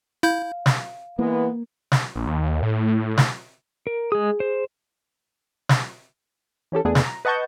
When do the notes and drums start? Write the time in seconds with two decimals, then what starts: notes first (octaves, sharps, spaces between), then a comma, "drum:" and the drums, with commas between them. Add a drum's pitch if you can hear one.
0.23 E4 F5 G6
0.66 drum: snare
1.19 E3 G#3 A#3 B3
1.92 drum: snare
2.16 A#1
2.27 D#2
2.62 A2
3.17 drum: snare
3.87 A#4
4.12 G#3 G#4 D#6
4.40 C5
5.69 drum: snare
6.72 E3 C#4 G4 A4
6.84 E2 A3 B3 D4 G#4
6.95 drum: snare
7.04 A#5
7.25 B4 D#5 F#5 A5 C#6 G6